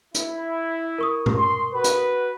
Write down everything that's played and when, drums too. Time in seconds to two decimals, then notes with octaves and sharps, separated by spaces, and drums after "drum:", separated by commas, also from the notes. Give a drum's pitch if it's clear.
0.14 E4, drum: hi-hat
0.98 A#4 C#6 D#6
1.26 drum: tom B2
1.36 C6
1.74 F#4 B4
1.84 drum: hi-hat